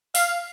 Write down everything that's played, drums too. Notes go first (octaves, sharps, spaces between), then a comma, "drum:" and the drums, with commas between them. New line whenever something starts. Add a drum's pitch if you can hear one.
F5, drum: open hi-hat